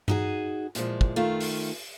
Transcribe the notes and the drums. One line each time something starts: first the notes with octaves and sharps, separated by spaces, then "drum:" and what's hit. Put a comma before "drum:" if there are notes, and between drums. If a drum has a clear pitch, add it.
D#4 F#4 G#4, drum: tom G2
A#2 E3 F3 G#3, drum: hi-hat
drum: kick
D#3 A3 F4
drum: open hi-hat